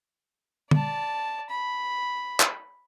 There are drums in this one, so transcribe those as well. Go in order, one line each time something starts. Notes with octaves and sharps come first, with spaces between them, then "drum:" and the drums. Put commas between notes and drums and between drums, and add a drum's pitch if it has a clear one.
D5 A5, drum: tom
B5
drum: clap